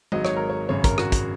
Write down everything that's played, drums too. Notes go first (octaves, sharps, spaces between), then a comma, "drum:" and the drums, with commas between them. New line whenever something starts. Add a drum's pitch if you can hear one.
G#1 G#2 F#3 D#5, drum: tom
C#5, drum: rim click
A#4
C#5
G#1 F#2 C#3 C#5
A#4, drum: kick, hi-hat
F#4, drum: rim click
drum: kick, hi-hat